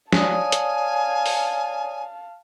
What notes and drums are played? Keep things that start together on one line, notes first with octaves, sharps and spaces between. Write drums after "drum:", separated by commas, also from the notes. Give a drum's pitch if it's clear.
C#5 D5 F5 G#5 A5 D#6, drum: snare
drum: hi-hat
drum: open hi-hat